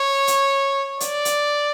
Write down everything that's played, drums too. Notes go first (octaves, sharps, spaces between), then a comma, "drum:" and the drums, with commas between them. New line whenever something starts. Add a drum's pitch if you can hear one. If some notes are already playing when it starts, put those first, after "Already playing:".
Already playing: C#5
drum: hi-hat
D5, drum: hi-hat
drum: hi-hat